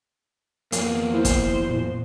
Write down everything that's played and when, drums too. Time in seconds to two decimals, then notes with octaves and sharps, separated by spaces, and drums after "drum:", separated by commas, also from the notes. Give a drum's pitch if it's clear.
0.72 F2 A#3 B3, drum: hi-hat
1.13 E4 C5
1.25 drum: kick, hi-hat
1.70 A#2